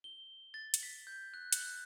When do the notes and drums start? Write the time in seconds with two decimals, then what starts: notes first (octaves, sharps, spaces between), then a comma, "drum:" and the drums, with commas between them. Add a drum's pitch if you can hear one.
0.04 G7
0.54 A6
0.74 drum: hi-hat
0.83 B6
1.07 G6
1.34 F#6
1.52 F#6, drum: hi-hat